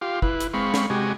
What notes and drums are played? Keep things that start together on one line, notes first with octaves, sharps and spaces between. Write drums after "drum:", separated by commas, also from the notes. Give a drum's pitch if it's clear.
F4 G4 F5
E4 B4, drum: kick
drum: hi-hat
G#3 C4 F5 B5 C#6
drum: snare
C3 G#3 F#4 G4 D#5 G#5